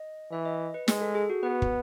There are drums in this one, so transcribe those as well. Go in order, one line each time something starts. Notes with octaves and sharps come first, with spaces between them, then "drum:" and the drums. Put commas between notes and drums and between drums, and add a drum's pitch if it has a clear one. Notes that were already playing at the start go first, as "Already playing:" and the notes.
Already playing: D#5
E3 E5
D#5
B4
G#3, drum: snare
A4
G#4
F#4
B3 B4
drum: kick